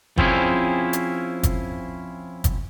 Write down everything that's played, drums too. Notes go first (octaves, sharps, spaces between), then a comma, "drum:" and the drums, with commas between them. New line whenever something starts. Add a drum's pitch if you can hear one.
F3 C4 C#4 E4 G#4, drum: kick
drum: hi-hat
drum: kick, hi-hat
drum: kick, hi-hat